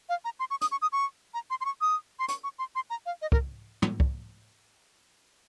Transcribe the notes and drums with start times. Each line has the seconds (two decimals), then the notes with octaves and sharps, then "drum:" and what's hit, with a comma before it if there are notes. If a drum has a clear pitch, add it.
0.09 F5
0.25 A#5
0.40 C6
0.51 C#6
0.61 D#6, drum: hi-hat
0.72 C#6
0.82 D#6
0.92 C#6
1.34 A#5
1.50 C6
1.61 C6
1.65 C#6
1.81 D#6
2.19 C6
2.28 C#6, drum: hi-hat
2.44 C#6
2.59 C6
2.75 C6
2.90 A#5
3.06 F5
3.22 D#5
3.32 A#4, drum: kick
3.82 drum: tom
4.00 drum: kick